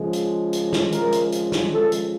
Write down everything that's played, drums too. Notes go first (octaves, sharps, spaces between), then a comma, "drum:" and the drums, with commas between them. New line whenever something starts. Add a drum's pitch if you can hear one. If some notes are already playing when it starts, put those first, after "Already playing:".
Already playing: C#3 F3 G#3
drum: hi-hat
drum: hi-hat
drum: snare
A#4, drum: hi-hat
drum: hi-hat
drum: hi-hat
drum: snare
A4
drum: hi-hat